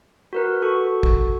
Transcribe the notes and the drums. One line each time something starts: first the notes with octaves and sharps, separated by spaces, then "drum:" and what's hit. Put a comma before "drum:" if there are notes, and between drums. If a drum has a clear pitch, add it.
F#4 A#4 B4
F#4 A4 C#6
drum: kick